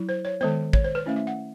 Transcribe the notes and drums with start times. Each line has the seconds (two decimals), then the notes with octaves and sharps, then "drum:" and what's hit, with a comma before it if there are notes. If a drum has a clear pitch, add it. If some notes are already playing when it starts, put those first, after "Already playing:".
Already playing: F#3 E4
0.09 C5
0.25 C#5
0.41 D#3 G#3 B3 C5
0.73 C#5, drum: kick A1
0.84 C5
0.95 B4
1.06 A3 C#4 E4 F5
1.16 E5
1.27 F#5